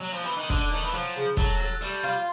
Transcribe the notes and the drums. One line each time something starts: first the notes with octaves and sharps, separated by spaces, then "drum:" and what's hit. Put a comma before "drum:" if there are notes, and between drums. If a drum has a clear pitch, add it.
F#3
F3
E3
D#3
D3 D4, drum: kick
D#3 A3
E3
F3 F#3
C#3
F#3 A4, drum: kick
A4
G3 A3
F4